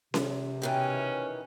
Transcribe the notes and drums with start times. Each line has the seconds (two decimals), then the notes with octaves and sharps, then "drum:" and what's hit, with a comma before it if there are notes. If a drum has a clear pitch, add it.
0.14 C3, drum: snare C#4
0.62 B2 D#3 E3 C#4 G5